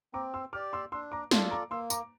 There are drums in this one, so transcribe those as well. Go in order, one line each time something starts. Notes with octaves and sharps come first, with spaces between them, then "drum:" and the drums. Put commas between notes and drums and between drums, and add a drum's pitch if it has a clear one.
C4 A#5 D6
C6 E6
G4 D5 D6 F6
C6 E6
D4 C6 E6
A#5 D6
F4 A4 D5 A5 C6, drum: snare
A#5 D6
A#3 C6 E6
A#5 D6, drum: tambourine